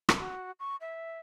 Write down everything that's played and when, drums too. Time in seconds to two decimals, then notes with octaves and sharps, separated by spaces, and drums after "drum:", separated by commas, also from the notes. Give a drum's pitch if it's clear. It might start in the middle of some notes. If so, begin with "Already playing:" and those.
0.09 drum: rim click
0.19 F#4
0.60 C#6
0.81 E5